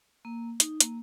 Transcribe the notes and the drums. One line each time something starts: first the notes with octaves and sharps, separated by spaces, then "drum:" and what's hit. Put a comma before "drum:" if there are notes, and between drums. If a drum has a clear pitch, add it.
A#3
D#4, drum: hi-hat
A#3, drum: hi-hat